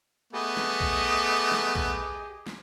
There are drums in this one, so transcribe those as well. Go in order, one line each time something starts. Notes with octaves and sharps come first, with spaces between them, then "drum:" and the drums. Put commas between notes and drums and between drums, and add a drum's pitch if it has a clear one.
A3 B3 G4 G#4 D#5
drum: snare
drum: kick A#1
drum: snare
drum: kick A#1
drum: snare